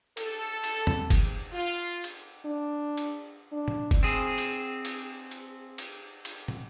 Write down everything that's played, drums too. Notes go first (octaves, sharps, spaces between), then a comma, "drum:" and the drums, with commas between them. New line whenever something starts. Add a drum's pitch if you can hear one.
A4, drum: cymbal
drum: cymbal
drum: tom E2
drum: kick F#1, cymbal
F4
drum: cymbal
D4
drum: cymbal
D4
drum: tom
drum: kick F#1, cymbal
C4 G#4
drum: cymbal
drum: cymbal
drum: cymbal
drum: cymbal
drum: cymbal
drum: tom